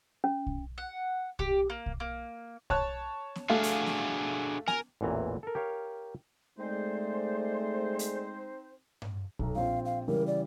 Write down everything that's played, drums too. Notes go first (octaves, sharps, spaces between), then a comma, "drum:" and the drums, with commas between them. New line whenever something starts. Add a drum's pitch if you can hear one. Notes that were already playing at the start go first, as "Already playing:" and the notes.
C#4
drum: kick
F#5
G4, drum: kick
A#3
drum: kick
A#3
C#5 A5 F#6, drum: kick
drum: snare B3
A3 D4 F#4 G#4 F5
drum: hi-hat
drum: snare B3
A#4 G#5, drum: snare B3
A1 E2 A#2 E3 A#5
A4 A#4
G4 A#4 C#5 F5
G#3 A3 C4 D#4 C5 D5
drum: hi-hat
drum: tom G2
B1 A4 A#5, drum: kick
A#1 C4 F4 F5
F5
C#3 E3 G3 A#4
D5